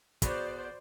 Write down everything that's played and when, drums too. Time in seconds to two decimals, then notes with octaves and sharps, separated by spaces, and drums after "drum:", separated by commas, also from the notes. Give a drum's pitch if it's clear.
0.22 B3 F#4 G#4 C5 D5, drum: kick, hi-hat